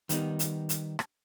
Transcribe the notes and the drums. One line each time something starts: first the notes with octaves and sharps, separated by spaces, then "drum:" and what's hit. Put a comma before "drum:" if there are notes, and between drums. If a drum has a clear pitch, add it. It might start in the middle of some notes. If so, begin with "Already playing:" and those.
D#3 G3 B3 D#4, drum: hi-hat
drum: hi-hat
drum: hi-hat
drum: rim click